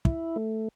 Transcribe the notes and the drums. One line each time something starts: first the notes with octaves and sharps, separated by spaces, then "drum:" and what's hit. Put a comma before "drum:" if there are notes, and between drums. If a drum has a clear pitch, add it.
E4, drum: kick
A3